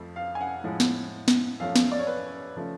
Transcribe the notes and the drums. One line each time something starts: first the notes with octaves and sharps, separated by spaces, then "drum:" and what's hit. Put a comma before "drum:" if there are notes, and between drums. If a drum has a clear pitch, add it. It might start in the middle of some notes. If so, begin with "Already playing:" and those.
Already playing: F2 F3 A3
F5
G#5
F#5
A2 F3 G#3
drum: snare
drum: snare
F#2 F3 A3 F5
drum: snare
D5
C#5
B4
C#3 F3 A3